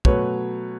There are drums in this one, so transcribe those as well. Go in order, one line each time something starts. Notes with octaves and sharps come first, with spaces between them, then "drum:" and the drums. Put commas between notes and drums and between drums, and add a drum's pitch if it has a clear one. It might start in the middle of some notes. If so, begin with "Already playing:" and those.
B2 F#3 A3 B4 C#5, drum: kick